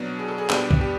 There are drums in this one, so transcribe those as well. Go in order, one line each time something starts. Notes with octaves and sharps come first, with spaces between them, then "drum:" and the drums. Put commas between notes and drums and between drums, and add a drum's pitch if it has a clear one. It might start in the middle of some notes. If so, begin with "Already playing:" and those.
Already playing: B2 F#3 B3 D4
G#4
A4
G#4
B2 G3 B3 D4 G4, drum: clap
drum: kick
G4